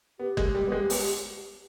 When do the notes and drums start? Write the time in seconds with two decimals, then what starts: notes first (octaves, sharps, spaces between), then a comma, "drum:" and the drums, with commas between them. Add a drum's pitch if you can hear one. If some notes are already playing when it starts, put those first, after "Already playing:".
0.19 B3 G4
0.37 G#3, drum: kick
0.55 G3
0.68 B3
0.72 G#3
0.90 B3, drum: open hi-hat